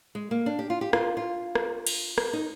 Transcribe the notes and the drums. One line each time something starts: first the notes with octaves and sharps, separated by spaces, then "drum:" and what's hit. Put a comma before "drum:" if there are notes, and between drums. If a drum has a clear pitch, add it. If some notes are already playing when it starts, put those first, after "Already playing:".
G#3
A#3
D4
G4
F4
G4
F4, drum: rim click
F4
drum: rim click
drum: cymbal
drum: rim click
D#4